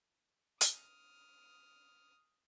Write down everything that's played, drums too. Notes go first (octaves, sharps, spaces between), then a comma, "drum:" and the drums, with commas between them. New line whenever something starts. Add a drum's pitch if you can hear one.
D#6 F6, drum: hi-hat